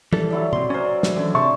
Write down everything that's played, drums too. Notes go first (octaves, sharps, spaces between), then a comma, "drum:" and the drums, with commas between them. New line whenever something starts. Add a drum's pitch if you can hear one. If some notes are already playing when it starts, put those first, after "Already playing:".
E3 G3 A4, drum: tom
F#3 E4 D5
C3 C6, drum: tom
C#4 A#4 C5 D5
drum: snare
D3 E3 F#3
C3 E5 A5 C6 C#6